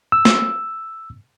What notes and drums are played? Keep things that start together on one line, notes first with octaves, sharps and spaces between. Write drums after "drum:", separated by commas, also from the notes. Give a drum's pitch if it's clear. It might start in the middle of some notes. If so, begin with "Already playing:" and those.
E6
drum: snare